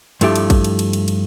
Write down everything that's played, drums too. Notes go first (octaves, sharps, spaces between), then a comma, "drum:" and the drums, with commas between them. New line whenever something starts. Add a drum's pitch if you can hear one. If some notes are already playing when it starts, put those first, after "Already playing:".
G2 F3 A3 E4 G4, drum: cymbal
drum: cymbal
drum: kick, cymbal
drum: cymbal
drum: cymbal
drum: cymbal
drum: cymbal